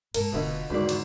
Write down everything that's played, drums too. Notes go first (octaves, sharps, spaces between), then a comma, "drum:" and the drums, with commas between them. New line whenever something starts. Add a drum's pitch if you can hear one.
G2 G#3 A#3 A4 A#4, drum: cymbal
F1 B2 D3 D#4 F4 B4
G1 E2 G#2 D#3 F#4 B4 D5
drum: cymbal